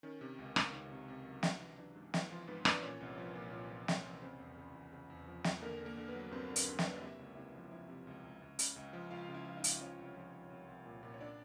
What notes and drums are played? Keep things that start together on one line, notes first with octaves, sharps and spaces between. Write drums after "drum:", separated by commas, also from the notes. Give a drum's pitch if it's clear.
D#3 C#4
C3
C#2
C#2, drum: rim click
D#3
C3
C3
F#3
E3 D4, drum: snare
E3
E3 D4
G#2
E3, drum: snare
E4
E3 F3 F4
G#2 B3 B4
E3 D4 D5, drum: rim click
A#2 C#4 C#5
C2
F3
A#2
A#2
F3
A#2, drum: snare
C2
C#3 C4 C5
E2
C#3
E2
C#3
E2
F3
E2, drum: snare
D3 A#3 A#4
D3
A#3 A#4
D3
B3 B4
F#3
G2 C4 C5
C5
D3
C#4 C#5, drum: hi-hat
G2
D4 D5, drum: snare
F#3
D#5
C3 E4 E5
C#2
C3 E4 E5
F3
F3 E4 E5
C3
C#2
C#2
C#2
C#3, drum: hi-hat
C#2
F3
C#2 F4 F5
C#3
E4 E5
F3
D#4 D#5
C#2, drum: hi-hat
F3 C#4 C#5
C2
F3
F3
C2
C2
A#2
A#2
C#5
D4 D5